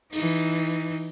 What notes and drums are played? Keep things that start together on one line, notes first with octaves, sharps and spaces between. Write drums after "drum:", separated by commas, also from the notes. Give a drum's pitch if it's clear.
E3 D#4, drum: open hi-hat